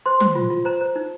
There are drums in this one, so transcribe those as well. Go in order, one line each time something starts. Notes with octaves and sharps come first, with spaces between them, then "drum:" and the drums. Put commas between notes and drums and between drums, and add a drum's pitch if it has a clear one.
C5 C6
C5, drum: tom
F4
F4
C5 A#5
C5
D#4